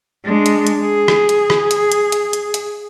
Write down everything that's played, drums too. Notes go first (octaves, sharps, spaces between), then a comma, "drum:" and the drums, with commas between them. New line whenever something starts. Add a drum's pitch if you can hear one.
G#3 D4
drum: hi-hat
drum: hi-hat
G#4
drum: rim click
drum: hi-hat
drum: rim click
drum: hi-hat
drum: hi-hat
drum: hi-hat
drum: hi-hat
drum: hi-hat